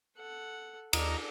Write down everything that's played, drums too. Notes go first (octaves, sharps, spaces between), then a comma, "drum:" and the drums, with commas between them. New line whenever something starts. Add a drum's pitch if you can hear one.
A4 F#5
D#2 A4 D5 D#5 A#5, drum: cymbal